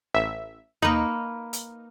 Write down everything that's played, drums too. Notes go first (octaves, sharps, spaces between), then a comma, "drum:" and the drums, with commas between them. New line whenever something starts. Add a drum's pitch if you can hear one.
A1 E5
A#3 D#4 B4, drum: tom D#2
drum: hi-hat